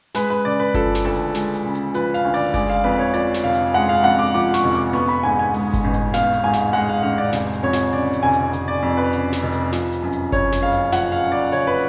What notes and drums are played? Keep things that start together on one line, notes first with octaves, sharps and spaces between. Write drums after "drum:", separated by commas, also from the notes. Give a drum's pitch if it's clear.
G#3 B4, drum: snare
B4
C#3 D5
B4
F3 A4, drum: kick G1, hi-hat
drum: snare
D2 A4
drum: hi-hat
G#3, drum: snare
drum: hi-hat
C#3
drum: hi-hat
F3 B4, drum: hi-hat
F5, drum: hi-hat
D2
D5, drum: open hi-hat
G#3 D5, drum: kick G1, hi-hat
F5
F2 B4
C#5
F3 D5, drum: hi-hat
drum: snare
F1 F5
drum: hi-hat
G#3 F#5
F5
F2 F#5
D6
F3 D6, drum: hi-hat
C#6, drum: snare
F1
D6, drum: hi-hat
B3 C#6
B5
G#2 G#5
G#5
G#3, drum: open hi-hat
drum: kick G1, hi-hat
A1
drum: hi-hat
B3 F5, drum: snare
drum: hi-hat
G#2 G#5
drum: snare
G#3 F#5, drum: hi-hat
F5
A1 F5
D5
F1, drum: snare
drum: hi-hat
F2 C#5
drum: snare
C#3 D5
drum: hi-hat
F1 G#5
drum: hi-hat
F1, drum: hi-hat
D5
F2
B4
C#3, drum: hi-hat
drum: snare
F1
drum: hi-hat
F3, drum: snare
drum: hi-hat
F#2
drum: hi-hat
C#3 C#5, drum: kick G1, hi-hat
drum: snare
F#1 F5
drum: hi-hat
F3 F#5, drum: snare
F5, drum: hi-hat
F#2
D5
C#3 C#5, drum: hi-hat
B4